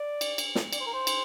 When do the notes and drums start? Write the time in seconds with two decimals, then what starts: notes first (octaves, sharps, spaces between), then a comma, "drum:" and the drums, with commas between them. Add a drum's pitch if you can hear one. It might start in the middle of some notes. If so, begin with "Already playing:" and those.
Already playing: D5
0.21 drum: cymbal
0.38 drum: cymbal
0.55 drum: snare
0.73 D5, drum: cymbal
0.80 C5
0.87 A#4
0.93 C5
1.07 drum: cymbal